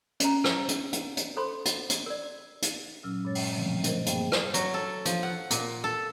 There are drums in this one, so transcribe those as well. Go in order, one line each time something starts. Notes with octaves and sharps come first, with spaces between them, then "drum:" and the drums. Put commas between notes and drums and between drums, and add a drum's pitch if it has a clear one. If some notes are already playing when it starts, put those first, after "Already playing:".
C#4 A#5, drum: hi-hat
drum: rim click
drum: hi-hat
drum: hi-hat
drum: hi-hat
A4 C5 B5 C6
drum: hi-hat
drum: hi-hat
A#4 D5
drum: hi-hat
A#2 F#3 C#4 E6 F6
G2 A#2 G#3 C#5 A6
drum: open hi-hat
B2 D3 F3 G3 A3 C4
A3 A#4 C5 D#5, drum: hi-hat
G2 A#3 G#4 G5, drum: hi-hat
drum: rim click
F#3, drum: hi-hat
A4
F3, drum: hi-hat
F#5
A#2, drum: hi-hat
A4